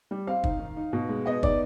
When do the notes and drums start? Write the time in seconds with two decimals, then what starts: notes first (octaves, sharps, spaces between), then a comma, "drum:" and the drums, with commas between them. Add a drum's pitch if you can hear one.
0.11 G3
0.27 C4 F5
0.44 D#4, drum: kick
0.59 D#3
0.77 D#4
0.93 B2
1.09 G#3
1.26 B3 D#5
1.43 D#4 D5, drum: kick